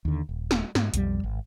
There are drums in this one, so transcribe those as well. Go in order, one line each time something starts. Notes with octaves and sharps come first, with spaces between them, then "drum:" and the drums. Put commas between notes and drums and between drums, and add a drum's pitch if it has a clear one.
D#2 D3
D#1
drum: snare
G#2, drum: snare
B1 F2 G3, drum: hi-hat
G#1